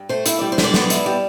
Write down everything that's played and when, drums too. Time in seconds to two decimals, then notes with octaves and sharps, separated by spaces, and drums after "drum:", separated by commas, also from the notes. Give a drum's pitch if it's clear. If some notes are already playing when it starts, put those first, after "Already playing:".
Already playing: G2
0.09 A3 C5
0.26 E4 E5, drum: hi-hat
0.39 G3 D5
0.52 C5
0.58 D3, drum: snare
0.64 D5
0.74 B3, drum: snare
0.90 E4, drum: hi-hat
1.06 G3